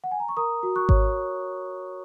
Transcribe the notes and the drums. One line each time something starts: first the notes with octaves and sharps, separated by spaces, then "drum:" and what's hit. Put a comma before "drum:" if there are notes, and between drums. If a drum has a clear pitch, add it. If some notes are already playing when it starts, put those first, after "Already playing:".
F#5
G#5
A#5
C#6
A#4 A#5 D#6
F#4
C#6 F#6
C#5, drum: kick G#1